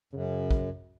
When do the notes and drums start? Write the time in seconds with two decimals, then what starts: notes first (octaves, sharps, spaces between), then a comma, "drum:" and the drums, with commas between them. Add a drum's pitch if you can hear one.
0.13 F#2 C#3
0.51 drum: kick